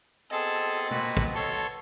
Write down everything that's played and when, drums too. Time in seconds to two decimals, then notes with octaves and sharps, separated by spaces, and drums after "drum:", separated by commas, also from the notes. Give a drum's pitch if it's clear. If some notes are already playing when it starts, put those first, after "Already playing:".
0.31 B3 C4 G#4 A4 D#5 A5
0.91 A#2 F#4 B4, drum: tom
1.17 drum: kick
1.35 A4 C#5 C6